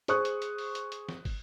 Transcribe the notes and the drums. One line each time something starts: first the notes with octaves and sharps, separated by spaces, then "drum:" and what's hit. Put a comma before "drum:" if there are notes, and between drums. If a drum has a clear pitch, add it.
G#4 C5 C#6 D#6 F#6, drum: hi-hat
drum: hi-hat
drum: hi-hat
drum: open hi-hat
drum: hi-hat
drum: hi-hat
drum: snare
drum: kick, open hi-hat